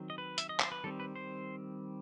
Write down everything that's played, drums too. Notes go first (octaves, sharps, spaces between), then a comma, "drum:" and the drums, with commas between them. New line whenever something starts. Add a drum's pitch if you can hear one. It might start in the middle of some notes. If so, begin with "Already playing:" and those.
Already playing: D#3 F#3 C4
D#5
B4
E5, drum: hi-hat
D#5
C5, drum: clap
B4
D#3 G3 C4 A4
B4
C5